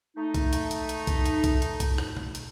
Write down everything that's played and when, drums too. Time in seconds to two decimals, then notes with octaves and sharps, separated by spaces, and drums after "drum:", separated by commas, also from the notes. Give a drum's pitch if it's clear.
0.16 A3 D#4
0.34 drum: kick B1, hi-hat
0.53 drum: hi-hat
0.71 drum: hi-hat
0.89 drum: hi-hat
1.07 drum: kick B1, hi-hat
1.26 drum: hi-hat
1.44 drum: kick B1, hi-hat
1.62 drum: hi-hat
1.80 drum: kick B1, hi-hat
1.98 drum: rim click
2.17 drum: tom
2.35 drum: hi-hat